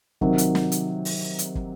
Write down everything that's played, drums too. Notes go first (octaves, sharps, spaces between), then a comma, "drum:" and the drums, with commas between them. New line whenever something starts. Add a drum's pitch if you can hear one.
C3 D#3 F#3, drum: kick
drum: hi-hat
drum: snare
drum: hi-hat
drum: open hi-hat
drum: hi-hat
drum: kick